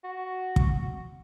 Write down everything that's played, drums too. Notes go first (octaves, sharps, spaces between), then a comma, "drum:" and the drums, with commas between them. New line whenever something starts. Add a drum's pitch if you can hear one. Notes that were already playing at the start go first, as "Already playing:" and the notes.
F#4
drum: kick